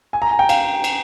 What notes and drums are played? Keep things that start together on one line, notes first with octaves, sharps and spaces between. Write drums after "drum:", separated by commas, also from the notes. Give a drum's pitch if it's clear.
G#5
A#5
G#5
G5
F5, drum: cymbal
drum: cymbal